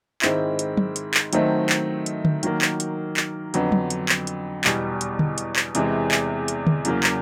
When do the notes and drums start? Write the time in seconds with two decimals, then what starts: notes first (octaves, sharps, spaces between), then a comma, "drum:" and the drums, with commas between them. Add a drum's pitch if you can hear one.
0.22 G#2 D#3 G#3 C4 E4, drum: clap
0.59 drum: hi-hat
0.77 drum: tom
0.96 drum: hi-hat
1.14 drum: clap
1.33 D#3 F#3 A3 C4 D#4, drum: hi-hat
1.69 drum: clap
2.06 drum: hi-hat
2.25 drum: tom D3
2.43 D#3 F#3 A#3, drum: hi-hat
2.62 drum: clap
2.80 drum: hi-hat
3.17 drum: clap
3.54 F2 D3 F#3 B3, drum: hi-hat
3.72 drum: tom
3.90 drum: hi-hat
4.09 drum: clap
4.27 drum: hi-hat
4.64 E2 B2 G3, drum: clap
5.01 drum: hi-hat
5.19 drum: tom D3
5.38 drum: hi-hat
5.56 drum: clap
5.75 E2 C3 E3 G#3, drum: hi-hat
6.11 drum: clap
6.48 drum: hi-hat
6.67 drum: tom D3
6.85 E2 C#3 F#3 A#3, drum: hi-hat
7.03 drum: clap